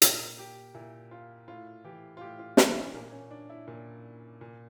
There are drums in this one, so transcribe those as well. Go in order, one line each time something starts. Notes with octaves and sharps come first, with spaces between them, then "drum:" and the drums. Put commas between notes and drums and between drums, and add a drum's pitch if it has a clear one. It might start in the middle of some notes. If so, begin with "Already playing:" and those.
A#2 A#4, drum: hi-hat
G4
A#2 E4
F4
A2 F4
E3 G4
F4
A2 G4
F4
E3 D4, drum: snare
C#4
A#2 A#3
C#4
D4
E4
A#2
A#2